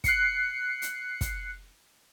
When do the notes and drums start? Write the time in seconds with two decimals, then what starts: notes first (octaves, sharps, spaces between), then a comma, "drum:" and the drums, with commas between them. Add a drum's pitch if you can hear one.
0.04 F#6 C7 C#7, drum: kick, hi-hat
0.82 drum: hi-hat
1.21 drum: kick, hi-hat